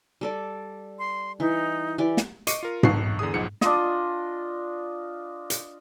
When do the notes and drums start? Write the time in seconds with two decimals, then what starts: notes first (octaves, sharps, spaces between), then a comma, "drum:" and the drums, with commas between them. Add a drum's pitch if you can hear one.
0.21 G3 A4 D5
0.99 C6
1.40 E3 D#4
1.98 E3 G4 D5
2.17 drum: snare
2.47 D#5 C#6 D6 C7 C#7 D#7, drum: hi-hat
2.63 F4 A#4
2.83 B1 E2 A5 C#6 F#6 C7, drum: tom G#2
3.19 E2 D3 G#4 D#6
3.34 B1 G#2 F3 G#3 F#5 C#7
3.61 D4 F4 D#5, drum: snare
5.50 drum: hi-hat